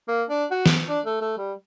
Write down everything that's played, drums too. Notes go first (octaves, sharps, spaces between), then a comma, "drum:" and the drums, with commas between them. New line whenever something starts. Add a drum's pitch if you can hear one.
A#3
D4
F#4
drum: snare
D4
A3
A3
G3